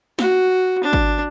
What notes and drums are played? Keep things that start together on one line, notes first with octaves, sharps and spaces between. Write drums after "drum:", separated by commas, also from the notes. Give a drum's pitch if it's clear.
F#4, drum: snare
D4
drum: kick